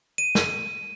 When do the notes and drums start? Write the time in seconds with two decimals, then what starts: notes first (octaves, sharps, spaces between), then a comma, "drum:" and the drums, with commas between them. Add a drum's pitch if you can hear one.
0.18 D#7
0.35 drum: snare